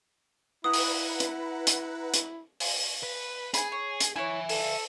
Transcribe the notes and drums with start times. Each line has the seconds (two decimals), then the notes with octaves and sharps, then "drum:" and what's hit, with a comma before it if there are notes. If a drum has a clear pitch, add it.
0.64 E4 B4 F#5 A#5 D#6
0.74 drum: open hi-hat
1.20 drum: hi-hat
1.67 drum: hi-hat
2.14 drum: hi-hat
2.60 drum: open hi-hat
3.03 B4
3.54 G#4 G#5 B5, drum: hi-hat
3.72 C#5
4.00 drum: hi-hat
4.16 E4 C#5 E5 G#5
4.49 A4, drum: open hi-hat